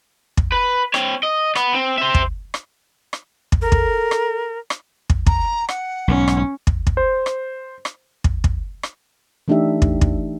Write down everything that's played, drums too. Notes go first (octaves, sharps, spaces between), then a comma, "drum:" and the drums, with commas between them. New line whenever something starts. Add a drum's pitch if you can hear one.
drum: kick
B4
C4 C#5, drum: rim click
D#5
B3, drum: rim click
C4
C5 E5
drum: kick
drum: rim click
drum: rim click
drum: kick
A4 A#4
drum: kick
drum: rim click
drum: rim click
drum: kick
A#5, drum: kick
F#5, drum: rim click
B1 G#2 C#4
drum: rim click
drum: kick
drum: kick
C5
drum: rim click
drum: rim click
drum: kick
drum: kick
drum: rim click
E3 A3 D4 D#4 G4 E5
drum: kick
drum: kick